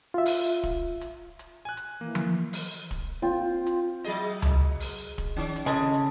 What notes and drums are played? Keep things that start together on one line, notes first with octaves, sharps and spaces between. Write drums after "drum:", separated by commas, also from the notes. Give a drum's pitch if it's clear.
F4 E5
drum: open hi-hat
drum: kick, hi-hat
drum: hi-hat
drum: hi-hat
G#5 F#6
drum: hi-hat
E3 A#3
drum: tom F3
drum: open hi-hat
drum: kick, hi-hat
C4 F4
drum: hi-hat
F#3 G#4 D#5, drum: hi-hat
drum: tom C#2
drum: open hi-hat
drum: kick, hi-hat
D#3 C#4
drum: hi-hat
C#3 G#3 A4 D#5
drum: hi-hat